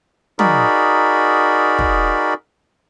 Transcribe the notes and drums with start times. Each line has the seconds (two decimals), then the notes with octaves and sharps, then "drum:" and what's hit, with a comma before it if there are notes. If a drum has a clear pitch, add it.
0.39 D#4 F#4 G#4 A#4 D5 B5, drum: tom
1.79 drum: kick